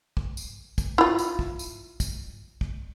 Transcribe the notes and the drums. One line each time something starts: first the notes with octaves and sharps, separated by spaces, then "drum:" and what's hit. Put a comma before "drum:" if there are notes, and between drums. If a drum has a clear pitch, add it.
drum: kick
drum: tambourine
drum: kick, tambourine
E4 F4
drum: tambourine
drum: kick
drum: tambourine
drum: kick, tambourine
drum: kick